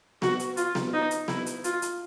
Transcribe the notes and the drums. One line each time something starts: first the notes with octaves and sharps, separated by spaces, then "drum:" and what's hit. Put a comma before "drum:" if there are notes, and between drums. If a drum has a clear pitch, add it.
F#4, drum: snare B3
drum: hi-hat
F4, drum: hi-hat
drum: snare B3
D#4
drum: hi-hat
E4, drum: snare B3
drum: hi-hat
F4, drum: hi-hat
drum: hi-hat